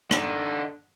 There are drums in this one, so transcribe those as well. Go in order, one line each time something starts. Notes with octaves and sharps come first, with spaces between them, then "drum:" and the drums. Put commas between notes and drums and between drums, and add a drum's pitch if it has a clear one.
D3 D#4, drum: rim click